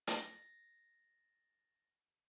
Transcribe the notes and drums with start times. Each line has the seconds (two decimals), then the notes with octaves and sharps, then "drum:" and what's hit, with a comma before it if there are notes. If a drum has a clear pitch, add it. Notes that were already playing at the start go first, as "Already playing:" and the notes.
0.07 A6 A#6, drum: hi-hat